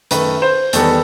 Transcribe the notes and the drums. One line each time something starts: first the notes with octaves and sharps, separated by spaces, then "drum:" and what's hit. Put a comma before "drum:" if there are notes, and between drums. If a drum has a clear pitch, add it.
F#2 D#3 A3 B4, drum: hi-hat
C5
E2 D#3 G3 B3 A4, drum: hi-hat